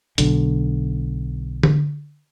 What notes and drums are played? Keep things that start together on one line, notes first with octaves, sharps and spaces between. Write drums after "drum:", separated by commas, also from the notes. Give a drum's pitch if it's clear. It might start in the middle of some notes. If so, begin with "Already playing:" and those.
B1 D3, drum: hi-hat
drum: tom D3